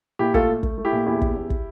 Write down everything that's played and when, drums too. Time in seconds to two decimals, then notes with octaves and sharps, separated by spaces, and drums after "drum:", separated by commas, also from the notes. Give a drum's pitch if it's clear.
0.19 A#2 E4 G4
0.34 A3 F4 A4, drum: kick
0.49 A3
0.63 A3, drum: kick
0.78 A3
0.85 E4 G4
0.93 A#2
1.06 E2 E4 G4
1.22 E2, drum: kick
1.36 E2
1.50 drum: kick